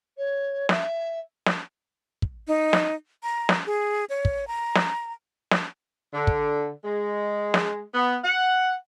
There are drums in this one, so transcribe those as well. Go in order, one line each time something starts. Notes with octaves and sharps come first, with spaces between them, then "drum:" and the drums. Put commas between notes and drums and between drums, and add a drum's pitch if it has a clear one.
C#5
E5, drum: snare
drum: snare
drum: kick
D#4
drum: snare
A#5
drum: snare
G#4
C#5
drum: kick
A#5
drum: snare
drum: snare
D3
drum: kick
G#3
drum: snare
B3
F#5